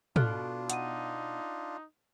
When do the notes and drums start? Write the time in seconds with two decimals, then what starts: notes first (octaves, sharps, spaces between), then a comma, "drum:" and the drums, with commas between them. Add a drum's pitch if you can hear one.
0.16 B2 D4 F4 A4 F6 F#6, drum: tom
0.70 D#4 F#5 D#7, drum: hi-hat